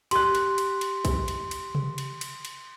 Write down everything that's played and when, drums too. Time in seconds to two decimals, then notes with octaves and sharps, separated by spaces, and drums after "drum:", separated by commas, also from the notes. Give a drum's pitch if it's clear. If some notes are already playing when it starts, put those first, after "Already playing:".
0.11 G4 C6 F#6, drum: cymbal
0.35 drum: cymbal
0.58 drum: cymbal
0.81 drum: cymbal
1.05 drum: kick, cymbal
1.28 drum: cymbal
1.51 drum: cymbal
1.75 drum: tom C3
1.98 drum: cymbal
2.21 drum: cymbal
2.45 drum: cymbal